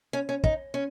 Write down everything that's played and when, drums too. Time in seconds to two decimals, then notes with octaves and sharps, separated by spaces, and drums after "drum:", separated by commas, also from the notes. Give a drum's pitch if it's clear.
0.13 C#4
0.29 C#4
0.44 D#4, drum: kick
0.74 C#4